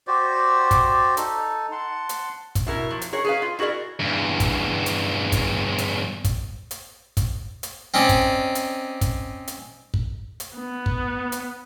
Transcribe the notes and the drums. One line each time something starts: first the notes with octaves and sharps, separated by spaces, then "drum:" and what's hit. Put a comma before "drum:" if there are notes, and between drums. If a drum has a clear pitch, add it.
F#4 G4 C5 D5
drum: kick, hi-hat
D#4 A4, drum: hi-hat
F#5 A5 C6
drum: hi-hat
drum: kick, hi-hat
B2 E4 A#4
F3 F#3
drum: hi-hat
F#4 G#4 A#4 C#5
G#4 B4 F5
F4
E4 F#4 G#4 A#4 D5
E2 G2
drum: kick, hi-hat
drum: hi-hat
drum: kick, hi-hat
drum: hi-hat
drum: kick, hi-hat
drum: hi-hat
drum: kick, hi-hat
drum: hi-hat
C4 C#4 D#4 D5
drum: kick, hi-hat
drum: hi-hat
drum: kick, hi-hat
drum: hi-hat
drum: kick
drum: hi-hat
B3
drum: kick
drum: hi-hat